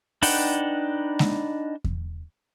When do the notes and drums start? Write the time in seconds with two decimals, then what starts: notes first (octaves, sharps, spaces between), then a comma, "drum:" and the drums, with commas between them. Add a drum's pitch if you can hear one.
0.22 D4 D#4 B4 F#5 G5, drum: open hi-hat
1.19 drum: snare G#3
1.84 drum: kick E2